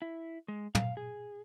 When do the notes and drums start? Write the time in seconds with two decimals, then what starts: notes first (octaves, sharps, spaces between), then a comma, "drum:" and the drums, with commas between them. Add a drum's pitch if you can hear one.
0.02 E4
0.48 G#3
0.75 F5, drum: tom
0.97 G#4